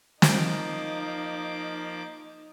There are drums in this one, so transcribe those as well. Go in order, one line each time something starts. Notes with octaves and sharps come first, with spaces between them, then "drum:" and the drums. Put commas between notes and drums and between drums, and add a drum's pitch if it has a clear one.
F3 A#3 D#4 D6, drum: snare